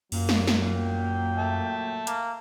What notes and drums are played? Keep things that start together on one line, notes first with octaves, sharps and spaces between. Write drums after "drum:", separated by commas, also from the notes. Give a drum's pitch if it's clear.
F#2 A#2 F#3 A#3, drum: cymbal
drum: snare
drum: snare
G5
E5 A5
A#3, drum: hi-hat